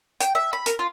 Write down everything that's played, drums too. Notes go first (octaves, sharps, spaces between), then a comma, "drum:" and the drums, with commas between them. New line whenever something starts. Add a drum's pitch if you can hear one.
G5, drum: hi-hat
E5
B5
A#4, drum: hi-hat
F4